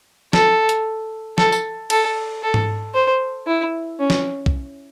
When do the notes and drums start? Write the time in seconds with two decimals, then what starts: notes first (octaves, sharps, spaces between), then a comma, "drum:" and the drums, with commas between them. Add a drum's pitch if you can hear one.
0.33 A4, drum: snare
0.69 drum: hi-hat
1.38 A4, drum: snare
1.52 drum: tambourine
1.90 A4, drum: cymbal
2.43 A4
2.54 drum: tom G#2
2.94 C5
3.47 E4
3.99 C#4
4.10 drum: snare
4.46 drum: kick B1